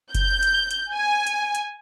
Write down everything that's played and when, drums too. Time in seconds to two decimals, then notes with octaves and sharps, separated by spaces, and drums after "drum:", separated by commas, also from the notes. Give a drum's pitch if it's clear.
0.15 G6, drum: kick F#1, hi-hat
0.43 drum: hi-hat
0.71 drum: hi-hat
0.94 G#5
1.27 drum: hi-hat
1.55 drum: hi-hat